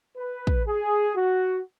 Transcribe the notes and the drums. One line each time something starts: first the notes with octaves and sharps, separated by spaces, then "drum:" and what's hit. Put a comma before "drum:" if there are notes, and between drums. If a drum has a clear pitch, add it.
B4
drum: kick
G#4
F#4